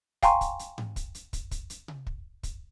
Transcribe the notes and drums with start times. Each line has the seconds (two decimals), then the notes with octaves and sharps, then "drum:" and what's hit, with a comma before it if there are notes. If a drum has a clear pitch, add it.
0.23 F5 G5 G#5 A#5 C6 C#6, drum: kick, hi-hat
0.41 drum: kick, hi-hat
0.59 drum: hi-hat
0.78 drum: tom G#2
0.96 drum: kick, hi-hat
1.15 drum: hi-hat
1.33 drum: kick, hi-hat
1.51 drum: kick, hi-hat
1.70 drum: hi-hat
1.88 drum: tom C3
2.07 drum: kick
2.43 drum: kick, hi-hat